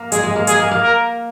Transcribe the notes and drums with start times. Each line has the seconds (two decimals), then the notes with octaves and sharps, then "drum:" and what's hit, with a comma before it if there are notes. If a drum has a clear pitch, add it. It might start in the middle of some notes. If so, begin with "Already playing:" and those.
Already playing: A#3
0.12 G#3 G#4, drum: hi-hat
0.23 G#3
0.36 A#3
0.47 G#3 G#4, drum: hi-hat
0.59 A#3
0.71 A#3
0.83 A#4